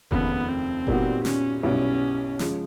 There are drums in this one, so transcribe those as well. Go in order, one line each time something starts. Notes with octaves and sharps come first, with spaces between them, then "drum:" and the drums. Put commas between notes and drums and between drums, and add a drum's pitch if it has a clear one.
F1 D#2 C#3 B3, drum: kick F#1
C4
A#2 G3 B3 D#4 F#4, drum: kick F#1
C#4, drum: snare
B1 B2 G3 B3 C#4 E4
C#3 F3 G#3, drum: snare